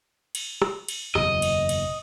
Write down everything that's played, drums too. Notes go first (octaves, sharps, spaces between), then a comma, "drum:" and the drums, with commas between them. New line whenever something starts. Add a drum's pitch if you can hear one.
drum: cymbal
drum: rim click
drum: cymbal
F#1 E2 B2 D#5, drum: rim click
drum: cymbal
drum: cymbal